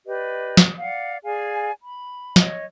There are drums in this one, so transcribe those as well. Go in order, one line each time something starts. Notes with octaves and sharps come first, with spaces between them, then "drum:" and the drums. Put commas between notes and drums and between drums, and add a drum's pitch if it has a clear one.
G4 B4 D5 D#5
drum: snare
D5 F5 F#5
G#4 D5 F5 G#5
B5
C#5 D#5, drum: snare